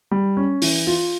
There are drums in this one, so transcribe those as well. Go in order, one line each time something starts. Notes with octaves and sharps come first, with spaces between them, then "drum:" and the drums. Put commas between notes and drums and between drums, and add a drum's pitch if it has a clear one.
G3
C#4
E3, drum: open hi-hat
F4